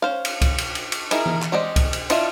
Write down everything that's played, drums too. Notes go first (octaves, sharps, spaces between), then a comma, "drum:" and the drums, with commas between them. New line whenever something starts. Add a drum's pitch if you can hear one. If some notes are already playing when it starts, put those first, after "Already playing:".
C#4 C5 F5
drum: cymbal
drum: kick C2, cymbal
drum: cymbal
drum: cymbal
drum: cymbal
D#4 E4 G#4 A#4, drum: cymbal
drum: tom E3
drum: clap
G#3 C4 G4 D5 D#5
drum: kick C2, cymbal
drum: cymbal
D4 E4 F4 D#5 E5, drum: cymbal